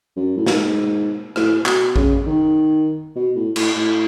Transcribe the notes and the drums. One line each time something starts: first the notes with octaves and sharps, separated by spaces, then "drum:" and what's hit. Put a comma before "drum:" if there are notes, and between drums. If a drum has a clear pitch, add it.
F#2
A2
G#2, drum: snare
A2, drum: rim click
B2, drum: clap
C#3, drum: kick A1
D#3
B2
A2
A2, drum: cymbal
A2